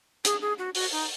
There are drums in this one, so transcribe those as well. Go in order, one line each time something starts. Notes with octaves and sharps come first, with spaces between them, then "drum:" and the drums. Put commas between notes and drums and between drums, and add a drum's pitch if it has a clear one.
G#4, drum: hi-hat
G#4
F#4
F#4, drum: open hi-hat
D#4